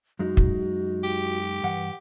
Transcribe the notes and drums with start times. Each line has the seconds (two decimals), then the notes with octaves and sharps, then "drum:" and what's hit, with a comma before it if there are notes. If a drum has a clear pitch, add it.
0.19 F#2 G#3 D#4 F#4
0.37 drum: kick
1.04 G4
1.63 G2 E3 F#5